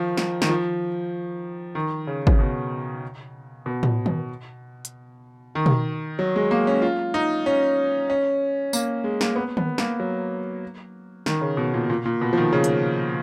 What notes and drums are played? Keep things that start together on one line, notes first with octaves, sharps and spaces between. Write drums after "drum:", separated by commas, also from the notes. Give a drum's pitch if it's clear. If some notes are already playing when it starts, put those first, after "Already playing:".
Already playing: D#3 F3
drum: snare
D#3, drum: snare
F3
D#3
C#3
C#3, drum: kick G#1
B2
B2
drum: tom
drum: tom D#3
drum: hi-hat
D#3
drum: tom B2
F#3
G#3
A#3
C#4
F4
D#4
C#4
C#4
A#3, drum: tambourine
G#3
A#3, drum: snare
B3
B3, drum: tom D#3
A#3, drum: snare
F#3
D#3, drum: snare
C#3
B2
A#2
A#2
A#2
B2
F3
D#3
C#3
drum: hi-hat